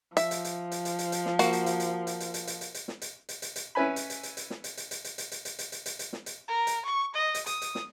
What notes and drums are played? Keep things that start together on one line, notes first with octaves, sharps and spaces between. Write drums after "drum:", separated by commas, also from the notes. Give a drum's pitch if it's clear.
F3 E5, drum: hi-hat
drum: hi-hat
drum: hi-hat
drum: hi-hat
drum: hi-hat
drum: hi-hat
drum: hi-hat
drum: snare
A#3 F#4, drum: hi-hat
drum: hi-hat
drum: hi-hat
drum: hi-hat
drum: hi-hat
drum: hi-hat
drum: hi-hat
drum: hi-hat
drum: hi-hat
drum: hi-hat
drum: snare
drum: hi-hat
drum: hi-hat
drum: hi-hat
drum: hi-hat
C#4 E4 B4 G#5 B5
drum: hi-hat
drum: hi-hat
drum: hi-hat
drum: hi-hat
drum: snare
drum: hi-hat
drum: hi-hat
drum: hi-hat
drum: hi-hat
drum: hi-hat
drum: hi-hat
drum: hi-hat
drum: hi-hat
drum: hi-hat
drum: hi-hat
drum: hi-hat
drum: snare
drum: hi-hat
A#4
drum: hi-hat
C#6
D#5
drum: hi-hat
D#6, drum: hi-hat
drum: hi-hat
drum: snare